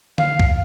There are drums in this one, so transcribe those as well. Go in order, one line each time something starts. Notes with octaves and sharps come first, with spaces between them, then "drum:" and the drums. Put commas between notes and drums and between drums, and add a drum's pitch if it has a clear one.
F5, drum: tom D3
drum: kick C#2